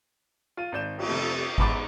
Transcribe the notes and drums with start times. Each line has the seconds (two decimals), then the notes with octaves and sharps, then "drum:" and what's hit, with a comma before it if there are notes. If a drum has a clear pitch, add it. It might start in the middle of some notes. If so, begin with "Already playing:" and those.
0.57 F4 D#7
0.72 G#1 D5 G6 E7
0.98 drum: cymbal
1.07 F2 C3 A3
1.58 E2 G#2 B5 D6 A6, drum: kick G#1